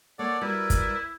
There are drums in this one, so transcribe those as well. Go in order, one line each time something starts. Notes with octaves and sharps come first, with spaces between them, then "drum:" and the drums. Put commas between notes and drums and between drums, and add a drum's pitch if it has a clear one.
A#3 A4 C#5 D5 F#5
G3 E4 F#4 A#4 B4 D5
drum: kick, hi-hat